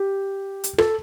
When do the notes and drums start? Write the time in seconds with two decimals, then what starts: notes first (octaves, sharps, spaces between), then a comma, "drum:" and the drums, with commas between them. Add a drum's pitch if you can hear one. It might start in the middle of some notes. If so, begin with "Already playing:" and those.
Already playing: G4
0.64 drum: hi-hat
0.78 A4, drum: rim click